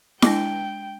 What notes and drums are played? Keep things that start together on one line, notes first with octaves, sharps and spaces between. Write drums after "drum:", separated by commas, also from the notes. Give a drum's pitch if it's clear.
G#3 D4 G5, drum: snare E4